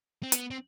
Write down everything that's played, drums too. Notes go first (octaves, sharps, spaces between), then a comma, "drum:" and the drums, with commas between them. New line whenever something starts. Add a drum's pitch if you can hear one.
C4
B3, drum: hi-hat
C4